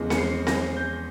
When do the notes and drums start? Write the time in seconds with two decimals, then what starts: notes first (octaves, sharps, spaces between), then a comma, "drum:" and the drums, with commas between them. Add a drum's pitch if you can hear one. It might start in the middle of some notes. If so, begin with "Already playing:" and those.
Already playing: E2 C#3 F3 G#3
0.10 C#7, drum: snare C4
0.17 C7
0.47 A#6, drum: snare C4
0.77 G6